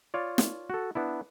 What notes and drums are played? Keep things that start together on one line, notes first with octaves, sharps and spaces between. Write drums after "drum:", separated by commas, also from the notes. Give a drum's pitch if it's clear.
F4 C#5 D5
drum: snare
F#4 A4
B3 D4 E4